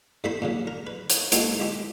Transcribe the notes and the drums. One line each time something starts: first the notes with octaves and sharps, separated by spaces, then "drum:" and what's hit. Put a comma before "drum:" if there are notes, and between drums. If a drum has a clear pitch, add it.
G2 A3 C4 E4 C5 B5
A#2 C#3 F#3
A#4
B4
drum: hi-hat
G#3 A#3 C4 F4 G4 A4, drum: hi-hat
G#3 E4 G4 C5